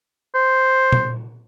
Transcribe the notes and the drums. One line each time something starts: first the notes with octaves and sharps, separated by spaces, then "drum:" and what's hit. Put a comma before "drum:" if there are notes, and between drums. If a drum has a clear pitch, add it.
C5
drum: tom